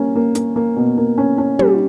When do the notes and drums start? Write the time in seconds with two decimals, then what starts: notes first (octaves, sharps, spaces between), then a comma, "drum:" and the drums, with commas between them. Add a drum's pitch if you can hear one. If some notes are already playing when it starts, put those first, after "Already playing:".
Already playing: G3 A#3 C#4
0.16 A#3
0.35 A#3, drum: hi-hat
0.56 A#3
0.77 B2
0.98 A#3
1.18 C#4
1.38 C#4
1.59 G3, drum: tom